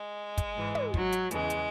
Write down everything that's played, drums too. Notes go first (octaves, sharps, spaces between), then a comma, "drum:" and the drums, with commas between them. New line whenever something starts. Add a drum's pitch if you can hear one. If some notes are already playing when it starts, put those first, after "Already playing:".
Already playing: G#3
drum: kick, hi-hat
G#2 E3
drum: tom
F#3, drum: kick
drum: hi-hat
E2 C#3 E3 G#3, drum: hi-hat
drum: hi-hat